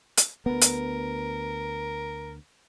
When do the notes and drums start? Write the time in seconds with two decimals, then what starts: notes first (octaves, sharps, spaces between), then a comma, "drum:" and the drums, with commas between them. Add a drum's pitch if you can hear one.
0.17 drum: hi-hat
0.46 D2 B3 A#4
0.61 drum: hi-hat